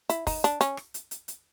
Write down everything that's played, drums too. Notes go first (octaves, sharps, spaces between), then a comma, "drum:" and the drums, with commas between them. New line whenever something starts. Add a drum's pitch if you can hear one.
E4, drum: hi-hat
D#4, drum: kick, open hi-hat
D4, drum: hi-hat
C#4, drum: hi-hat
drum: rim click
drum: hi-hat
drum: hi-hat
drum: hi-hat